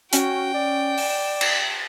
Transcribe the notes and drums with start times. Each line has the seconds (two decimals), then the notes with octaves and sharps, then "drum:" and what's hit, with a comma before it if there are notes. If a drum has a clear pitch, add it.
0.13 C#4 F#4 G5, drum: hi-hat
0.54 D5
0.98 E7, drum: open hi-hat
1.41 drum: cymbal